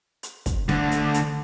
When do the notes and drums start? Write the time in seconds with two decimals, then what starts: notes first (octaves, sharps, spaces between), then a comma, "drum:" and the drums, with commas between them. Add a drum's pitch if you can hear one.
0.23 drum: hi-hat
0.46 drum: kick, hi-hat
0.69 D2 D3, drum: snare
0.91 drum: hi-hat
1.14 drum: hi-hat